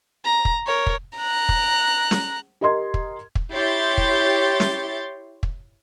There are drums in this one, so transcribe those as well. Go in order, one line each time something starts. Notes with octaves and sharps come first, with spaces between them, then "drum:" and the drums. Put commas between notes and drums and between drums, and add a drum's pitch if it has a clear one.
A#5
drum: kick
A#4 C#5
drum: kick
A#5 F#6
drum: kick
drum: snare
G4 A#4 D#5 A#5 C6 G#6
drum: kick
drum: kick
E4 G4 C#5 C6 G6 A6
drum: kick
drum: snare
drum: kick